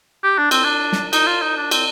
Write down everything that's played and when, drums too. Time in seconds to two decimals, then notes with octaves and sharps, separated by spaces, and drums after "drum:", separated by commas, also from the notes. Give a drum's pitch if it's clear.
0.23 G4
0.38 D4
0.51 C4, drum: cymbal
0.64 D4
0.92 drum: snare
1.13 D#4, drum: cymbal
1.27 F4
1.42 D#4
1.57 D4
1.71 C4, drum: cymbal